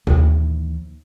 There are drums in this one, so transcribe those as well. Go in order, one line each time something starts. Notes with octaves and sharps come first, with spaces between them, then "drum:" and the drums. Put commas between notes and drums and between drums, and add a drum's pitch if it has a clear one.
D#2 E3, drum: tom A#2